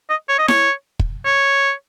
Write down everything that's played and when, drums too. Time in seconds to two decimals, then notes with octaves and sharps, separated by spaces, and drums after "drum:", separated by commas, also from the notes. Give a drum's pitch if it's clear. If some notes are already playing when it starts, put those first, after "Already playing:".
0.10 D#5
0.29 C#5
0.39 D#5
0.48 C#5, drum: snare E4
0.99 drum: kick
1.25 C#5